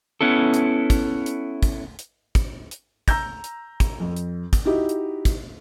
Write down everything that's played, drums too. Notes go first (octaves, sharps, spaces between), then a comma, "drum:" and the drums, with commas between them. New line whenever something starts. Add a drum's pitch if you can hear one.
B3 C#4 E4 A4
drum: hi-hat
drum: kick, hi-hat
drum: hi-hat
drum: kick, hi-hat
drum: hi-hat
drum: kick, hi-hat
drum: hi-hat
A#5 E6 G6 A#6, drum: kick, hi-hat
drum: hi-hat
drum: kick, hi-hat
F2
drum: hi-hat
drum: kick, hi-hat
D#4 E4 F#4 G4 D#5
drum: hi-hat
drum: kick, hi-hat